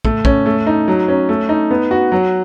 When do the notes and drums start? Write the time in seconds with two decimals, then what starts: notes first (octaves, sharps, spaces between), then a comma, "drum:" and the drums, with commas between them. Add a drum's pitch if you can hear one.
0.05 A3, drum: kick
0.25 C#4, drum: kick
0.46 A3
0.67 D#4
0.88 F#3
1.08 C#4
1.29 A3
1.49 D#4
1.70 B3
1.91 F#4
2.12 F#3